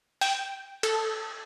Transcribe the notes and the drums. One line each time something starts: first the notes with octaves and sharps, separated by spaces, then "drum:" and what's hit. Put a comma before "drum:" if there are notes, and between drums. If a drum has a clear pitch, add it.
G5, drum: open hi-hat
A4, drum: cymbal